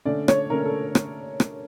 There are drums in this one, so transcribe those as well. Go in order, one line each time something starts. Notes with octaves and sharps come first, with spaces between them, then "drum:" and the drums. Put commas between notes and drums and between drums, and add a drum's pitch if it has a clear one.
D3 A3 C#4 D5
C#5, drum: rim click
D3 A3 C#4 A#4
A4
drum: rim click
drum: rim click